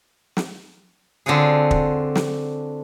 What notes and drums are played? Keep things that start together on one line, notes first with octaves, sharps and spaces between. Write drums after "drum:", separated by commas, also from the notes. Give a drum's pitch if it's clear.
drum: snare
D3 C4 F4 F#4 G#4
drum: kick
drum: snare